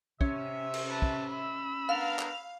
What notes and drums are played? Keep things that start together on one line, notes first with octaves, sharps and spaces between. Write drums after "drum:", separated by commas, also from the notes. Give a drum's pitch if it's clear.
C3 C#4 E5, drum: kick
drum: cymbal
B4 A5
drum: kick
B5 E6
B3 D4 A#4 F5 F7
drum: clap